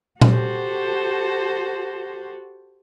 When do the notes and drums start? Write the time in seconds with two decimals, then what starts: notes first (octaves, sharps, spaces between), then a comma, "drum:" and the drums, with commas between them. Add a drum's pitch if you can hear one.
0.21 F#4 G4 A4 C5, drum: tom A#2